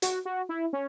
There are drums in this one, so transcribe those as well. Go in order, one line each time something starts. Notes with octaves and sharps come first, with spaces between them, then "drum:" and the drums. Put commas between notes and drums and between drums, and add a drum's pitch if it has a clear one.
F#4, drum: hi-hat
F#4
E4
C#4